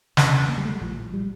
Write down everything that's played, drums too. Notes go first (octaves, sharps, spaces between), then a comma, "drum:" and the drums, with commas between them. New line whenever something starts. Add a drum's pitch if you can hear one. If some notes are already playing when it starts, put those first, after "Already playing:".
E1 E2 D3 C#4, drum: snare
A#3
G3
A3
G3
A#1 A2 F3
G3